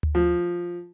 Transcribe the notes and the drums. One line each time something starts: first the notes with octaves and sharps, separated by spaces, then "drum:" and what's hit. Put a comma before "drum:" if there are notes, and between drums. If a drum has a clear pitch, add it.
drum: tom D2
F3